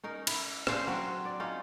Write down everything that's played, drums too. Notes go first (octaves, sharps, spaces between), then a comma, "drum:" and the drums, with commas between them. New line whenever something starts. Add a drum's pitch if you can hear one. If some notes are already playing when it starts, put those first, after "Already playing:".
C#4 D#4 A#4
E4, drum: cymbal
C#4 D4 C5 F5, drum: rim click
F#3 C4 F#4
D5
C#4 D#4 F4